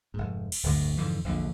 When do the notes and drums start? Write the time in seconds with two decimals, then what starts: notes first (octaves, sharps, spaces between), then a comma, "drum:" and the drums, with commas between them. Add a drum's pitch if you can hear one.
0.14 F1 G#2
0.52 drum: cymbal
0.63 D1 G1 D2 B2
0.97 F2 G#2 D3 E3
1.24 E1 A#1 F2 D3